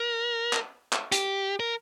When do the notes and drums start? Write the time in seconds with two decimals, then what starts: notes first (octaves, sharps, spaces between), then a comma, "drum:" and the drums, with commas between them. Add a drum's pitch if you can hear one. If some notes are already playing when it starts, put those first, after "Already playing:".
Already playing: A#4
0.53 drum: clap
0.93 drum: clap
1.12 G4, drum: hi-hat
1.60 A#4